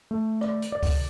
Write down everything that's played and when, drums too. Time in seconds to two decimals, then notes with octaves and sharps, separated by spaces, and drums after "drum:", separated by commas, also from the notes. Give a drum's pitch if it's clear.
0.11 A3
0.41 D5, drum: rim click
0.62 drum: hi-hat
0.72 D5
0.83 drum: kick C#2, open hi-hat